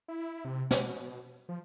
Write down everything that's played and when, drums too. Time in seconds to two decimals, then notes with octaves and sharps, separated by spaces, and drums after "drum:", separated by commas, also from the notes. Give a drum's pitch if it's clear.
0.08 E4
0.45 C3
0.71 B2, drum: snare
1.49 F3